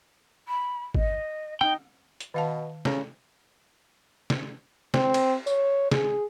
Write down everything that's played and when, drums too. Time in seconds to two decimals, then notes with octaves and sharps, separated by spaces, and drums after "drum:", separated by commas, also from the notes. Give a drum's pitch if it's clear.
0.48 B5
0.94 D#5, drum: kick
1.61 D#4 G5, drum: rim click
2.20 drum: hi-hat
2.34 B2 D#3 F5 A5
2.85 C#3 C#4 A4, drum: snare
4.30 drum: snare
4.94 C4, drum: snare
5.14 drum: cymbal
5.47 C#5, drum: tambourine
5.92 G#4, drum: snare